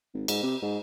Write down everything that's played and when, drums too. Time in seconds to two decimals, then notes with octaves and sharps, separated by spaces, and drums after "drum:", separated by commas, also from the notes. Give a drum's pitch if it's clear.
0.14 G#1
0.28 G#2, drum: cymbal
0.43 C3
0.62 G#2